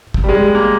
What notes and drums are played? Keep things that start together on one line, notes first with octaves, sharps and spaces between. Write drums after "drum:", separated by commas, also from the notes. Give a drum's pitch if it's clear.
drum: kick
G3
G#3
A#3